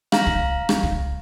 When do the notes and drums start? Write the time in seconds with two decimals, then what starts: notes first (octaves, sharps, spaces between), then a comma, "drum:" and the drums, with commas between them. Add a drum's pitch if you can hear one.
0.12 F5 A#5, drum: rim click
0.26 drum: kick
0.69 drum: rim click
0.83 drum: kick